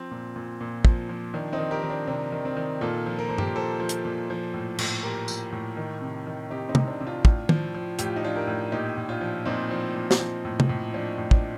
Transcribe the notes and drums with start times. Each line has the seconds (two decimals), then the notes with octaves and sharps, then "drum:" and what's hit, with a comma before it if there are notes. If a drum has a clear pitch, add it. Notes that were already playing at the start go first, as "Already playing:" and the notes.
Already playing: F3 C4
0.11 A#2
0.36 A#2
0.61 A#2
0.85 F3, drum: kick
1.09 F3
1.34 D#3 D4
1.53 C4 D#4
1.59 D#3
1.71 G4 A#4
1.83 D#3
1.90 D4
2.07 C3 D4
2.32 D#3
2.45 C4
2.57 D#3
2.81 A#2 F4 A4
3.06 F3
3.19 A#4
3.29 F3 C5
3.38 G4 A#4, drum: tom
3.56 F3 A4 C5
3.80 F3
3.89 drum: hi-hat
4.05 A#2
4.30 F3
4.54 A2
4.79 A2, drum: cymbal
5.03 F3 G4 A#4
5.28 F3, drum: tambourine
5.52 A2
5.77 D#3
6.01 C3
6.27 D#3
6.50 C3 D#4 G4
6.69 C4 D#4
6.75 C3, drum: tom
6.87 D4
7.00 C3
7.06 D4 F4
7.25 A2, drum: kick
7.49 F3, drum: tom D#3
7.74 F3
7.99 A2 G4, drum: hi-hat
8.07 F4
8.16 D#4
8.23 F3 D4 F4
8.36 G4 A#4
8.47 A2
8.72 A#2 D#4 G4
8.97 A#2
9.09 D4 F4
9.21 F3
9.46 A#2 C4 D#4
9.71 F3
9.95 A#2
10.11 drum: snare
10.20 F3
10.45 A2
10.60 drum: tom
10.69 A2
10.94 F3 D4
11.18 A2
11.31 D4, drum: kick